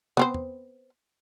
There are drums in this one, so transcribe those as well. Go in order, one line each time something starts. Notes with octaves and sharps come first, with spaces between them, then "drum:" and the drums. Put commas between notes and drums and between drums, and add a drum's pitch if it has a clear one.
B3 C4 C5, drum: tom
drum: tom